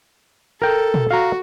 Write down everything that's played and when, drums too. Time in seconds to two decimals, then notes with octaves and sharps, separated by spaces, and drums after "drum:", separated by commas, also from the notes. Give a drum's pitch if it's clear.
0.62 A4 A#4 G5
0.94 drum: tom A#2
1.11 F#4 F5 A#5